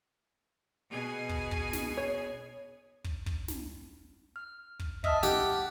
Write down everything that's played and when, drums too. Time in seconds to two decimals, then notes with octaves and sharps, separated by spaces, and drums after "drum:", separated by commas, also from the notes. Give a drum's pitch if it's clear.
0.90 B2 G#4 G#5
1.29 drum: kick
1.51 drum: kick
1.73 drum: snare
1.97 C#5
3.04 drum: kick
3.26 drum: kick
3.48 drum: snare
4.36 F6
4.79 drum: kick
5.04 D#5 E5 A5 F6 B6, drum: kick
5.23 G4 F#5, drum: snare